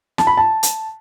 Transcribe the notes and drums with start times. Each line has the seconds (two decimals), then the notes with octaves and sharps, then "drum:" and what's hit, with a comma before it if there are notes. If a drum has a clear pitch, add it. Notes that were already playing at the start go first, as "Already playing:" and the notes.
0.18 A5, drum: snare
0.27 B5
0.37 A5
0.63 drum: hi-hat